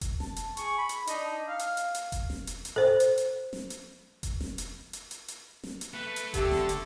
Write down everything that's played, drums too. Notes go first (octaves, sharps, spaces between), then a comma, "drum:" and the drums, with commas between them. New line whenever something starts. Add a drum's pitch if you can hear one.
drum: kick F1, hi-hat
A5, drum: snare
drum: hi-hat
G#4 C#6, drum: hi-hat
B5
drum: hi-hat
D4 D#4 D#5, drum: hi-hat
F5
drum: hi-hat
drum: hi-hat
drum: hi-hat
drum: kick F1, hi-hat
drum: snare
drum: hi-hat
drum: hi-hat
A4 C5
drum: hi-hat
drum: hi-hat
drum: snare
drum: hi-hat
drum: kick F1, hi-hat
drum: snare
drum: hi-hat
drum: hi-hat
drum: hi-hat
drum: hi-hat
drum: snare
drum: hi-hat
A3 B4
drum: hi-hat
D3 A3 G4 A4, drum: kick F1, hi-hat
drum: snare
drum: hi-hat